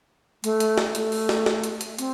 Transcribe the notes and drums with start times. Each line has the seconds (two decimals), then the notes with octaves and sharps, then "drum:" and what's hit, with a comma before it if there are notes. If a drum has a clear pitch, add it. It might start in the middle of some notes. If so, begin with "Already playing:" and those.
0.44 A3, drum: hi-hat
0.60 drum: hi-hat
0.78 drum: snare
0.95 A3, drum: hi-hat
1.12 drum: open hi-hat
1.29 drum: snare
1.46 drum: snare
1.64 drum: hi-hat
1.81 drum: hi-hat
1.99 C4, drum: hi-hat